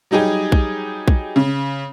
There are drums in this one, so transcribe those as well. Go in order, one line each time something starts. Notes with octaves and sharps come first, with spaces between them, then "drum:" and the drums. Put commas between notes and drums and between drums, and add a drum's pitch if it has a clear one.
F#3 G3 D#4 G4 G#4
drum: kick A#1
drum: kick A#1
C#3